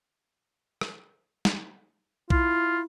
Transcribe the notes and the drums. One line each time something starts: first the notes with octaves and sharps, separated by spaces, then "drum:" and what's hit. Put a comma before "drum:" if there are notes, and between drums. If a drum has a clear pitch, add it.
drum: rim click
drum: snare
E4 F4, drum: kick B1